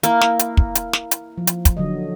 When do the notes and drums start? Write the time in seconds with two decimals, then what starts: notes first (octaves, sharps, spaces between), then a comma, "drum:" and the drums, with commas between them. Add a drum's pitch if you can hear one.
0.03 A#3 E4, drum: hi-hat
0.21 drum: snare
0.39 drum: hi-hat
0.57 drum: kick
0.75 drum: hi-hat
0.93 drum: snare
1.11 drum: hi-hat
1.38 F3
1.47 drum: hi-hat
1.65 drum: kick, hi-hat
1.77 D3 F#3 D#5